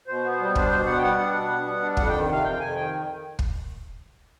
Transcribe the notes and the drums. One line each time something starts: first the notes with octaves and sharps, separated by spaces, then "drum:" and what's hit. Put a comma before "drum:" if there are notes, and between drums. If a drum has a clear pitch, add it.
B2 C5
B3
C5
G3
D4 C5, drum: kick
B2 C5
B3 F#5
G5
G3 F#5
D4
B2
B3
G3
D4
F2 F#5, drum: kick
D#3 G5
C3 F5
F2 G5
F2 G#5
D#3 G5
drum: kick